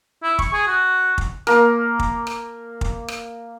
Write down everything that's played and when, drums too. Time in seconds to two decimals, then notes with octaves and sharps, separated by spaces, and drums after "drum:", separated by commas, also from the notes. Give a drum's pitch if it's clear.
0.22 E4
0.39 C#6, drum: kick
0.53 G#4
0.67 F#4
1.18 drum: kick
1.47 A#3 A#4, drum: rim click
1.99 drum: kick
2.27 drum: rim click
2.81 drum: kick
3.08 drum: rim click